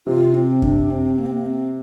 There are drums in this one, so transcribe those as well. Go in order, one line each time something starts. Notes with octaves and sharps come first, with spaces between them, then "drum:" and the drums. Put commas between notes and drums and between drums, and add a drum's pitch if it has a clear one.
C3 F4
C4
D4, drum: kick F#2
C4
A#3
C4
A#3
C4